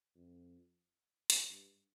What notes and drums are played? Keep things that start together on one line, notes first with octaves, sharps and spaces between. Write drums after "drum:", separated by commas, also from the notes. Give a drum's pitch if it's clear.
F2
drum: hi-hat
G2